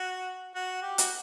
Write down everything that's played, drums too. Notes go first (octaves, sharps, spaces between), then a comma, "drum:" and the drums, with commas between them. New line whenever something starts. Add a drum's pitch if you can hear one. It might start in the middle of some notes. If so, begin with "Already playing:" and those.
Already playing: F#4
F#4
G4
F#4, drum: hi-hat